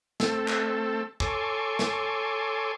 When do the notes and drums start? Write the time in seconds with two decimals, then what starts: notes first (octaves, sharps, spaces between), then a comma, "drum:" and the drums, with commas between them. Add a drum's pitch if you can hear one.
0.20 A3 C4 A4, drum: snare
0.48 drum: clap
1.20 A4 C#5 G#5 C6 D6, drum: kick
1.79 drum: snare